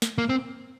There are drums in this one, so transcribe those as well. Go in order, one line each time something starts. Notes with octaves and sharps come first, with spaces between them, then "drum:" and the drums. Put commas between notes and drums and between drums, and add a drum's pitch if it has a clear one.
drum: snare
A#3
C4